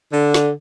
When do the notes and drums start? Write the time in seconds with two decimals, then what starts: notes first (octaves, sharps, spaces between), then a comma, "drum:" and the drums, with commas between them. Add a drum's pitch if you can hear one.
0.13 D3
0.34 drum: snare